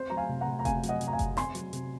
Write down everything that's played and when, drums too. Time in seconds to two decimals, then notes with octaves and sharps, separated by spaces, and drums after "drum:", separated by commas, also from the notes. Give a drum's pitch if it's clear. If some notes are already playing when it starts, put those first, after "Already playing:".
Already playing: C4 C5
0.10 F#3 A#5
0.17 F5 G#5
0.29 C3
0.41 F#5 A#5
0.47 C3
0.59 A#5
0.65 C4 F5 G#5, drum: kick F#1, hi-hat
0.83 F#3, drum: hi-hat
0.89 D#5 F#5
1.01 C3, drum: hi-hat
1.07 A#5
1.13 F5 G#5
1.19 C3, drum: kick F#1, hi-hat
1.37 C4 G#5 C6, drum: snare
1.55 F#3, drum: hi-hat
1.73 C3, drum: hi-hat